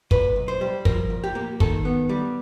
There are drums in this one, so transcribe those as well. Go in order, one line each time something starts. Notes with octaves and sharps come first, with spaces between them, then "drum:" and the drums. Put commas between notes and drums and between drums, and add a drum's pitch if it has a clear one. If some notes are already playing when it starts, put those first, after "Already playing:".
A#2 B4, drum: kick
B1
C5
G3
F3 A#4, drum: kick
A#2
G4
A#3
D#3 A4, drum: kick
B3
G3